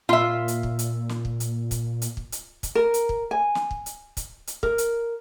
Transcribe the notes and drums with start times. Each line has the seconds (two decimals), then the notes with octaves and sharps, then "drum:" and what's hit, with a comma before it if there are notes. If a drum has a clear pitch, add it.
0.09 A#2 F4 E5
0.48 drum: hi-hat
0.63 drum: kick
0.79 drum: hi-hat
1.09 drum: snare
1.25 drum: kick
1.40 drum: hi-hat
1.71 drum: kick, hi-hat
2.02 drum: hi-hat
2.17 drum: kick
2.32 drum: hi-hat
2.63 drum: kick, hi-hat
2.75 A#4
2.94 drum: hi-hat
3.09 drum: kick
3.31 G#5
3.55 drum: snare
3.71 drum: kick
3.86 drum: hi-hat
4.17 drum: kick, hi-hat
4.47 drum: hi-hat
4.63 A#4, drum: kick
4.78 drum: hi-hat